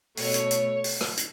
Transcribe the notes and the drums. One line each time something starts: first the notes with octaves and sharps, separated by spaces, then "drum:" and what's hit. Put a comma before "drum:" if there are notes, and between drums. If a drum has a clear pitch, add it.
B2 A3 C#5, drum: open hi-hat
drum: hi-hat
drum: hi-hat
drum: open hi-hat
drum: rim click
drum: hi-hat